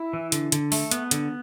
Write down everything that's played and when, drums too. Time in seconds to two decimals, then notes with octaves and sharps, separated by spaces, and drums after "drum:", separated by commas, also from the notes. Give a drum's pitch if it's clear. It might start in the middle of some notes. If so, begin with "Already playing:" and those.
Already playing: E4
0.13 E3
0.32 D3, drum: hi-hat
0.52 D3, drum: hi-hat
0.72 A3, drum: open hi-hat
0.91 B3, drum: hi-hat
1.11 D3, drum: hi-hat